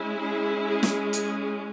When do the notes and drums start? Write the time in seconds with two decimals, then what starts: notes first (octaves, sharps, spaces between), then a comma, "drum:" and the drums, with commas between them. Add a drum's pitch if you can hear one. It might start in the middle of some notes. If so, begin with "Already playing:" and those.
Already playing: G#3 C#4 E4
0.22 G#4
0.67 G#4
0.83 drum: snare
1.13 G#4, drum: hi-hat